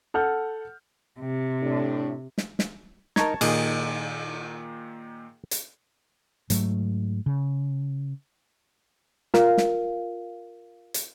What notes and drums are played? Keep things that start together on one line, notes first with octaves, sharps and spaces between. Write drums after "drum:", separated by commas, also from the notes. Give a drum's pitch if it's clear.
A4 F#5 F6 G6
C3
A2 A3 D4
drum: snare
drum: snare
D#4 A#4 A5 C#6 G#6, drum: snare
A#2 D#3 G#4 D#5, drum: cymbal
drum: hi-hat
G#2 F#3 A3, drum: hi-hat
C#3
F4 A#4 F5, drum: snare
drum: snare
drum: hi-hat